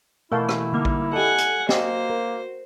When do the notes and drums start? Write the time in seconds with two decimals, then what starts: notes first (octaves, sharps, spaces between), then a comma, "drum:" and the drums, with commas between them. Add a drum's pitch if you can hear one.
0.32 B2 E3 A3 E4 A#4 F5 A5
0.49 drum: rim click
0.73 D3 G3 A#3 D#4
0.85 drum: kick A1
1.13 G4 A4 D#5 F#5 G#5 A5
1.38 drum: hi-hat
1.69 A#3 F#4 C5 D#5 G5, drum: snare
2.10 A#4